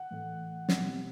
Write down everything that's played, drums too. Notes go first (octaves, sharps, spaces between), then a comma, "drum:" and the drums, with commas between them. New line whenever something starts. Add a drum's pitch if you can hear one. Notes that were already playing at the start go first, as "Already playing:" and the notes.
Already playing: F#5
A2 E3 A3
drum: snare
B2 G3 C4